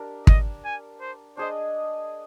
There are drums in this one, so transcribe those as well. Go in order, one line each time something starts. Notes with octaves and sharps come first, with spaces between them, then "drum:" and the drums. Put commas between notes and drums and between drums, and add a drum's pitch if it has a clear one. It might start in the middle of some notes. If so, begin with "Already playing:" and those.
Already playing: D4 G4 A#4
D#5, drum: kick
G#5
C5
D4 G#4 C5 D#5